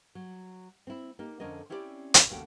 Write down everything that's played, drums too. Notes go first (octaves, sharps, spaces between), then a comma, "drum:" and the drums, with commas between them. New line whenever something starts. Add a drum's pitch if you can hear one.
F#3
C4 E4
A#3 D#4 G4
F2 D3 C#4 A#4 D#5
C4 C#4 E4 G4 A4 D5
drum: hi-hat
D#2 C#3 A3 F#4 G5